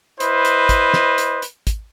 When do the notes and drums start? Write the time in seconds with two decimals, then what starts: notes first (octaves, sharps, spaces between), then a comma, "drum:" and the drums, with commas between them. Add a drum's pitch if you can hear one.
0.20 E4 B4 C5 D#5, drum: hi-hat
0.45 drum: hi-hat
0.69 drum: kick, hi-hat
0.94 drum: snare
1.18 drum: hi-hat
1.42 drum: hi-hat
1.67 drum: kick, hi-hat